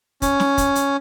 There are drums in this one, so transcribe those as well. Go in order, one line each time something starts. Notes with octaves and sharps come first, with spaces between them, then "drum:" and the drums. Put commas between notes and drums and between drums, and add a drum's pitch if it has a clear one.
C#4, drum: kick, hi-hat
drum: snare
drum: kick, hi-hat
drum: hi-hat